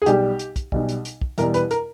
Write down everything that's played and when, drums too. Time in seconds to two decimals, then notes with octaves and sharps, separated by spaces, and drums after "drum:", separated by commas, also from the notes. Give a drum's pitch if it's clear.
0.02 G#4
0.06 B1 B2 G3 G4, drum: hi-hat
0.39 drum: hi-hat
0.56 drum: kick, hi-hat
0.72 B1 B2 G3, drum: kick
0.89 drum: hi-hat
1.05 drum: hi-hat
1.21 drum: kick
1.38 E2 B2 G3 A#4, drum: hi-hat
1.54 B4, drum: hi-hat
1.71 A#4, drum: hi-hat